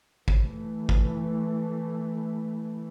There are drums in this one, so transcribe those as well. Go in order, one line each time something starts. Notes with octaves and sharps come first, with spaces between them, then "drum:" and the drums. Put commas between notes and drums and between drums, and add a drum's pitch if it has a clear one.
E3 A3, drum: kick G#1
drum: kick G#1